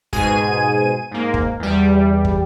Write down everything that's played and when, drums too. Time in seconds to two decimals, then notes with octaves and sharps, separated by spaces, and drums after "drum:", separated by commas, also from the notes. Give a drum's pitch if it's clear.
0.13 G#2 B2 G#4 G#5 D#7, drum: kick
1.11 G#2 A#3
1.34 drum: kick
1.60 E2 G3
2.25 drum: kick